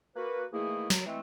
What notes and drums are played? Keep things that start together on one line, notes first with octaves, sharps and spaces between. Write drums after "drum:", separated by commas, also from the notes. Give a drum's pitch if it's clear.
A#3 F#4 B4
D#3 E3 A3 A#3 E4 G#4
F#3, drum: snare
E3 G#3 A3 C4